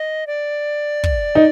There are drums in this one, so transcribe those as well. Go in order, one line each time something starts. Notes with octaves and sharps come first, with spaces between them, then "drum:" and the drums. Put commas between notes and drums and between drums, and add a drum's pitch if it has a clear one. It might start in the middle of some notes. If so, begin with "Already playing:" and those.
Already playing: D#5
D5
drum: kick
D#4